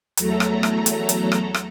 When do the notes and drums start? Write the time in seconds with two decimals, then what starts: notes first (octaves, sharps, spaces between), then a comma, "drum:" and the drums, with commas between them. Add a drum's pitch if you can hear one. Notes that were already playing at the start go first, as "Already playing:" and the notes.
0.17 E2 F#3 A3 A4 A#5, drum: hi-hat
0.40 drum: rim click
0.63 drum: rim click
0.86 drum: hi-hat
1.09 drum: hi-hat
1.32 drum: rim click
1.54 drum: rim click